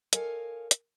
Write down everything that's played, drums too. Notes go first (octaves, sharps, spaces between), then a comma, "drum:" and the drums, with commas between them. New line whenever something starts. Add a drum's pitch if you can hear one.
A4 A#4 C#5 D#5 F5 G#5, drum: hi-hat
drum: hi-hat